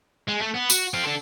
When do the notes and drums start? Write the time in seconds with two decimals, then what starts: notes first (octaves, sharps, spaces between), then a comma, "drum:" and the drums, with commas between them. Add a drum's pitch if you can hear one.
0.28 G#3
0.41 A3
0.54 B3
0.70 F#4, drum: tambourine
0.94 C4 F4
1.05 D4 A4